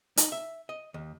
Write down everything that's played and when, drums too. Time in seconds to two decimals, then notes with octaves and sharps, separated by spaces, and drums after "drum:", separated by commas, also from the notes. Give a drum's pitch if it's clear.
0.17 D#4, drum: hi-hat
0.32 E5
0.69 D#5
0.94 D#2